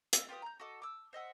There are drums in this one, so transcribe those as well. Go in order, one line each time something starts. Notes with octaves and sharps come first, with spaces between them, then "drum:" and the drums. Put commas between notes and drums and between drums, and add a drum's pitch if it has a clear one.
E5 F5, drum: hi-hat
F4 G4 B4 D#6
A#5 G6
F#4 A4 D#5 D6
D6 E6
C5 D#5 E5 F#5